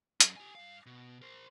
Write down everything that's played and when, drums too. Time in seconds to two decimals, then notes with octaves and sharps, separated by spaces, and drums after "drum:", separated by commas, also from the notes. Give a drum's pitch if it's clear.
0.20 F#3 C#4, drum: hi-hat
0.36 G4 G#5
0.55 G2 F5
0.86 B2
1.22 A#4 C5